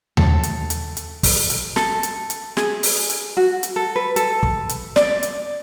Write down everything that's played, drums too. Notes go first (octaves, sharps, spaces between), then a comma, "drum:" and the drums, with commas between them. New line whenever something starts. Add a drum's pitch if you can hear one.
A4, drum: tom D#2
drum: hi-hat
drum: hi-hat
drum: hi-hat
drum: kick, open hi-hat
drum: hi-hat
A4, drum: snare
drum: hi-hat
drum: hi-hat
G#4, drum: snare
drum: open hi-hat
drum: hi-hat
F#4
drum: hi-hat
A4
B4
A4, drum: hi-hat
drum: kick
drum: hi-hat
D5, drum: snare
drum: hi-hat